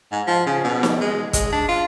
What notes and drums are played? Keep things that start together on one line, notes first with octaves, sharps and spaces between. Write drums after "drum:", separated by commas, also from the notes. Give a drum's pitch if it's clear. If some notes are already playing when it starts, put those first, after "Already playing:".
G#2
F3
C#3
B2
drum: snare
G#3
G#3, drum: kick, hi-hat
D4
F4